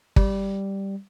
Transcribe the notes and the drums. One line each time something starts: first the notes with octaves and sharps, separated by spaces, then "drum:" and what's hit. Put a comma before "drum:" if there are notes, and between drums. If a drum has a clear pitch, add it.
G3, drum: kick